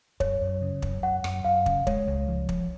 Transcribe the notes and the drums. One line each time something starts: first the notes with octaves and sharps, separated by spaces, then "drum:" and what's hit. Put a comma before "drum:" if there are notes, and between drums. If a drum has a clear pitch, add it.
F#2 C#5, drum: kick
F#2
C#3
F#2, drum: kick
F#2 F#5
F#2, drum: rim click
F#2 F5
C#3, drum: kick
G#3 C#5, drum: kick
C#2
F3
drum: kick